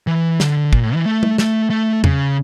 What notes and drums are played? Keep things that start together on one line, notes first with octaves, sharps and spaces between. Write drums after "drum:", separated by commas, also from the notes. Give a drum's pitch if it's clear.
E3
D3, drum: snare
A#2, drum: kick
A2
E3
A3
drum: tom
A3, drum: snare
A3
C#3, drum: tom E2